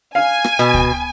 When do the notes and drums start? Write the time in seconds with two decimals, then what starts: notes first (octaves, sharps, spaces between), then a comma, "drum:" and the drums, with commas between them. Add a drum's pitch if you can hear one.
0.15 F5 G#5
0.44 drum: rim click
0.59 B2
0.74 drum: kick